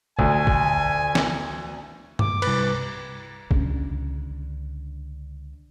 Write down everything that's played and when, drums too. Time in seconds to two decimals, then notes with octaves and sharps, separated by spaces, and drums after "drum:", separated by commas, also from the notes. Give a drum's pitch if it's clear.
0.19 D2 G#5, drum: kick
0.47 drum: kick
1.15 drum: snare
2.19 D6, drum: tom G2
2.42 C2 B4, drum: cymbal
3.51 C#2 D3, drum: kick